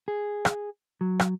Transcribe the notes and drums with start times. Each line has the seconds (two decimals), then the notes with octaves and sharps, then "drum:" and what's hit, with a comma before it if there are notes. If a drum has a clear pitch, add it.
0.08 G#4
0.45 drum: rim click
1.01 F#3
1.19 drum: rim click